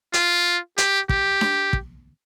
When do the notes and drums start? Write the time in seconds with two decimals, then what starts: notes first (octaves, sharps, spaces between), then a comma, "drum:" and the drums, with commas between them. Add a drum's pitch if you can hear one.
0.13 F4, drum: hi-hat
0.78 G4, drum: hi-hat
1.09 G4, drum: kick
1.41 drum: snare D4
1.73 drum: kick